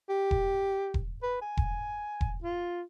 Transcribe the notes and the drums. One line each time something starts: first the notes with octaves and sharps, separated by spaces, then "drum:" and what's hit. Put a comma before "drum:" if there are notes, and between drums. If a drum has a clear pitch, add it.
G4
drum: kick E1
drum: kick E1
B4
G#5
drum: kick E1
drum: kick E1
F4